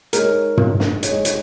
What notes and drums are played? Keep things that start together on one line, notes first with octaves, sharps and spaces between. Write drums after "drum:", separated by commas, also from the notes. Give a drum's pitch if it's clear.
G#3 D#4 G#4 A#4 C#5, drum: hi-hat
drum: tom
drum: snare
G#3 D#4 G#4 C#5, drum: hi-hat
drum: hi-hat